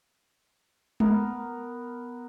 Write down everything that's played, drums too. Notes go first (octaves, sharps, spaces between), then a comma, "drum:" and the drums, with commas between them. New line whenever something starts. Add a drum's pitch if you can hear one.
B3 A#4, drum: tom G#3